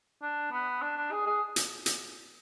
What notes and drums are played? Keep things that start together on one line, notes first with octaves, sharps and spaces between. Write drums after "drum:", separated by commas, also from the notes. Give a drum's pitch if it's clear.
D4
B3
D4
D4
G#4
G#4
drum: hi-hat
drum: hi-hat